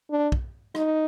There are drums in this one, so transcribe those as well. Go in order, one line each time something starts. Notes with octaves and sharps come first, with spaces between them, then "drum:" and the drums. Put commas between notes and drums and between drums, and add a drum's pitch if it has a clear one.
D4
drum: kick
D#4, drum: rim click